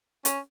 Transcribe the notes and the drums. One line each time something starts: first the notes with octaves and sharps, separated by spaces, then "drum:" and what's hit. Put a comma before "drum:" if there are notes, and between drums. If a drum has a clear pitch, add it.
C#4, drum: hi-hat